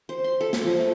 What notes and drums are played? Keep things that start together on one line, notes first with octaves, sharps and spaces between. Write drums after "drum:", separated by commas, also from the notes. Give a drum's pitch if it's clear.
C5
C6
A4
A4, drum: snare
F3
A3